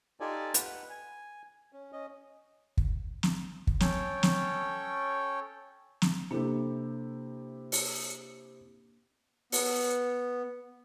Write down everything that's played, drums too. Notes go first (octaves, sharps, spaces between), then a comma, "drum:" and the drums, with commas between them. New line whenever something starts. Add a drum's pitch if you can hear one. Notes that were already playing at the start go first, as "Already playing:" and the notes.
D#4 F4 G4 A4 D5 G#5
B4 F#5, drum: hi-hat
G#5
C#4
C#4 D#5
drum: kick
drum: snare
drum: kick
C#4 A4 C#5 G5, drum: snare
drum: snare
drum: snare
C3 A#3 D4 E4 G4 A4
drum: open hi-hat
B3, drum: open hi-hat